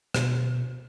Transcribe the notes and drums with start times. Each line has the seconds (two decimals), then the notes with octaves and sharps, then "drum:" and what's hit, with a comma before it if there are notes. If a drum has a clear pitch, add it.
0.14 B2, drum: rim click